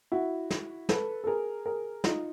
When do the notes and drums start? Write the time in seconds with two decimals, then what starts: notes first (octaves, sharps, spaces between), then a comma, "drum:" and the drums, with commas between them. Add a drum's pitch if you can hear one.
0.12 E4 F#4
0.51 drum: snare
0.89 A4 B4, drum: snare
1.24 A4
1.27 G#4 A#4
1.65 G#4 A#4
2.04 D#4 F4, drum: snare